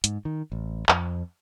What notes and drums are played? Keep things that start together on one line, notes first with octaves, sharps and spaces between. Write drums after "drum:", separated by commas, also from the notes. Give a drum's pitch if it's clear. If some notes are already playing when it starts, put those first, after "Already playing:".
G#2, drum: hi-hat
D#3
A1
F2, drum: clap